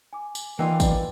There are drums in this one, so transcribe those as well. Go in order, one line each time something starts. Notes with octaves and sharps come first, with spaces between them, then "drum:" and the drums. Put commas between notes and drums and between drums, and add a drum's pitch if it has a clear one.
G#5 D6
drum: tambourine
E3 A#3 D#4 F4 B4 D5 G5 E6
drum: kick G#1, tambourine